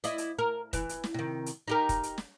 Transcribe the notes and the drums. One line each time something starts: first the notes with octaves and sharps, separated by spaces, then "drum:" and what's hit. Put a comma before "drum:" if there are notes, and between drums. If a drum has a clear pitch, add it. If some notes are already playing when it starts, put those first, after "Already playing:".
E4 D5 D#5, drum: hi-hat
drum: hi-hat
A#4
E3, drum: kick, hi-hat
drum: hi-hat
drum: snare
C3 D#3
drum: hi-hat
D#4 G4 A#4
drum: kick, hi-hat
drum: hi-hat
drum: snare